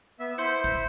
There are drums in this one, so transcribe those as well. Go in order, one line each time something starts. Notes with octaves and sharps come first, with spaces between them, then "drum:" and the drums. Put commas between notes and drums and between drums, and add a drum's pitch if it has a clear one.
B3 E5
E4 C5 C6 G6 C#7
drum: kick G#1